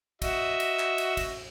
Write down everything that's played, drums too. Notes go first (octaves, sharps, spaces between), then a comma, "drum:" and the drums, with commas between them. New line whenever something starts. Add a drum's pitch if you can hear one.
F#4 D#5 E5, drum: kick, cymbal
drum: cymbal
drum: clap
drum: cymbal
drum: kick, cymbal